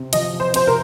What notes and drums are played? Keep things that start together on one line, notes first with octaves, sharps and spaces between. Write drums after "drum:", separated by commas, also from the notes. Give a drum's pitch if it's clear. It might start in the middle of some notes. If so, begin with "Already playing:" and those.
Already playing: C3 C4
F3 D#5, drum: hi-hat
C5
C3 C5, drum: hi-hat
A#4